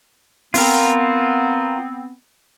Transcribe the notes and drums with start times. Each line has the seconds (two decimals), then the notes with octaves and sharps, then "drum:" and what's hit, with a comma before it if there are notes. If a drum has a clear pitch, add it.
0.54 B3 C4 F4 A#4, drum: open hi-hat